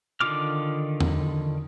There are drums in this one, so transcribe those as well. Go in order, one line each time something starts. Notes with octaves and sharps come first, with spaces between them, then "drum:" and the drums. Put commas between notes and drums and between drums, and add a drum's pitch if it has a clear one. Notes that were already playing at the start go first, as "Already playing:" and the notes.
D3 D#3 F4 D6 F6
drum: tom E2